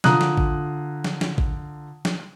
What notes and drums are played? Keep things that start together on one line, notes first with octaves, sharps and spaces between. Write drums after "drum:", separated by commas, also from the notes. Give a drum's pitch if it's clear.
D3 F4 A#5 D#6 F#6, drum: snare
drum: snare
drum: kick A1
drum: snare
drum: snare
drum: kick A1
drum: snare